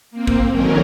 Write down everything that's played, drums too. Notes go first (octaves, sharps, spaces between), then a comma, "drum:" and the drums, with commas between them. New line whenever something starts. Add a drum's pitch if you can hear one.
A#3 C4
drum: kick
D3 D#3 F#3 C#4 A#4